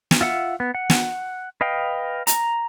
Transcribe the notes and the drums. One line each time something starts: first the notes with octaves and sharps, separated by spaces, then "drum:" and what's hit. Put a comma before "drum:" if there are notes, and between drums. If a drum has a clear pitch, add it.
drum: snare
F4 E5 F#5
B3
F#5
drum: snare
B4 D#5 F5 G5
A#5, drum: hi-hat